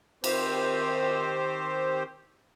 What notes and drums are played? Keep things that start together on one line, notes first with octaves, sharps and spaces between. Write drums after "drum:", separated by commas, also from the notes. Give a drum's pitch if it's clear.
D#3 C4 G4 C5, drum: cymbal